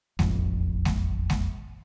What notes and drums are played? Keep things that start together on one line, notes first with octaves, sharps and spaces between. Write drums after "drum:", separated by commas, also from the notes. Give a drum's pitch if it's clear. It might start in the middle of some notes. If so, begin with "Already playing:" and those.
E1 A1 F2, drum: snare G#3
drum: snare G#3
drum: snare G#3